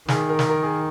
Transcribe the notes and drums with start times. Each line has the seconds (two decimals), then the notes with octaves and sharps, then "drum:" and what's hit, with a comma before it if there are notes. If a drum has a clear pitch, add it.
0.08 D#3 G#4, drum: snare
0.29 A#4
0.39 drum: snare
0.49 A#4
0.63 G#4